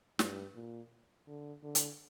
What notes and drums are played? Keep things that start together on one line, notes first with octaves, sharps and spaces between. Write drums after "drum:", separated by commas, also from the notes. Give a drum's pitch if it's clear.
G2, drum: snare
A#2
D3
D3
drum: hi-hat